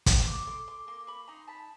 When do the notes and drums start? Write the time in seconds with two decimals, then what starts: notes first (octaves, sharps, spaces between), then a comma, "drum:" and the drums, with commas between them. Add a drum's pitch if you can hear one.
0.06 F#4 A#5 C6, drum: kick, hi-hat
0.22 C#6
0.27 C6 D6
0.47 A4 C6 D6
0.68 C6 D6
0.87 A#3 C6 D6
1.07 B5 C#6
1.28 D#4 A#5 C6
1.48 A5 B5